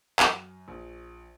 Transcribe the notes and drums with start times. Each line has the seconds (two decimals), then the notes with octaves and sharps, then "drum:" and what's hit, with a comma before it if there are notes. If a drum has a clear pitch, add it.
0.20 F#2, drum: clap
0.68 A#1